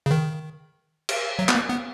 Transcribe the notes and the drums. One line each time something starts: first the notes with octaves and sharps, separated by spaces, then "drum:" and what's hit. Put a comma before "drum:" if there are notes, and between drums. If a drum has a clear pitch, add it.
C#3
D#3
drum: cymbal
F#3
B3, drum: clap
A#3
B3